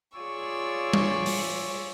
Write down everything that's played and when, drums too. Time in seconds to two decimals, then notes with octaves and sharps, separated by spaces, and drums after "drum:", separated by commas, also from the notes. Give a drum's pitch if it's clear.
0.18 F4 G#4 C#5 D5 C#6 E6
0.93 drum: tom G3
1.26 drum: open hi-hat